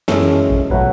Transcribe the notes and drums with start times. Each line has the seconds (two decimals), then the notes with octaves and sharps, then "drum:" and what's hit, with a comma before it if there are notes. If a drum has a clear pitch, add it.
0.08 F#2 E3 G#3 C#4 A4, drum: snare
0.50 drum: kick
0.70 B2 F#3 A3 B4, drum: kick